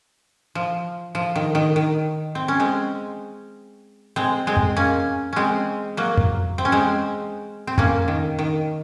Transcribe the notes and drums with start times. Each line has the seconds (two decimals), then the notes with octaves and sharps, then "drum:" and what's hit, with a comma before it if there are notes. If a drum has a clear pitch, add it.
0.55 F3
1.15 F3
1.36 D#3
1.55 D#3
1.76 D#3
2.35 C4
2.48 C#4
2.60 G#3 C4
4.16 G#3 C4
4.47 G#3 C4
4.57 drum: tom F2
4.76 A#3 C#4
5.33 G#3 C4 C#4
5.97 F#3 A#3
6.17 drum: tom F2
6.58 C4
6.65 C#4
6.72 G#3 C4
7.67 C4
7.78 A#3 C#4, drum: tom F2
8.08 D#3
8.39 D#3